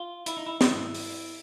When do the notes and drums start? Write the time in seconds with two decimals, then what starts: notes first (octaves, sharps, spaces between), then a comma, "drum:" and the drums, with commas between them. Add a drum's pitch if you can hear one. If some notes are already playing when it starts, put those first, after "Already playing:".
Already playing: F4
0.26 E4, drum: hi-hat
0.37 D#4
0.46 E4
0.61 E4, drum: snare
0.94 drum: open hi-hat